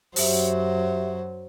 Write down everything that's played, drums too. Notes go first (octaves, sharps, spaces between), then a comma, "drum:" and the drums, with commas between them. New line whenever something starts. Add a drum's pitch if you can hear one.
F#2 F#3 G4 C5 E5, drum: open hi-hat